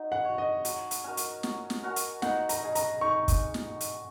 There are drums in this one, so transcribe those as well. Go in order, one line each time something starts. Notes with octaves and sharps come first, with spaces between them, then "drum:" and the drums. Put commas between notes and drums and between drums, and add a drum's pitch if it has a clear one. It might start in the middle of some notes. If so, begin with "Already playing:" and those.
Already playing: D#4 F#4
F#5
F#4 C#5
D#5
F#3, drum: hi-hat
drum: hi-hat
C#4 F#4 A#4
drum: hi-hat
F#3, drum: snare
drum: snare
C#4 F#4 A#4
drum: hi-hat
D#4 F#5, drum: snare
A#5, drum: hi-hat
G#4 D#5
A#5, drum: hi-hat
D#4 C#6
drum: kick, hi-hat
drum: snare
drum: hi-hat